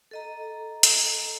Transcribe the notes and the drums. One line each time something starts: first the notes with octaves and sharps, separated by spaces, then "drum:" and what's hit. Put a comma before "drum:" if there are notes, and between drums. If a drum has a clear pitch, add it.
A4 D#5 A#5
drum: hi-hat